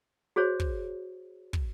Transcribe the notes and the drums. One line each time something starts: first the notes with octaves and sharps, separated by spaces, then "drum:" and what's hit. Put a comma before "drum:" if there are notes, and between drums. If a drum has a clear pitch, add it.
F#4 G#4 C5 C#5
drum: kick
drum: kick